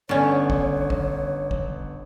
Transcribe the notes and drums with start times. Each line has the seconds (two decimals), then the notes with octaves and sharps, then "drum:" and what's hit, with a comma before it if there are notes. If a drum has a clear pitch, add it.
0.09 G1 D3 B3 C#4 C#5 C#6
0.50 drum: kick
0.90 drum: kick
1.51 drum: kick